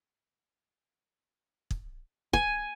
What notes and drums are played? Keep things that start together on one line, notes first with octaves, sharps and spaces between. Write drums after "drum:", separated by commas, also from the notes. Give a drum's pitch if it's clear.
drum: kick
G#5, drum: kick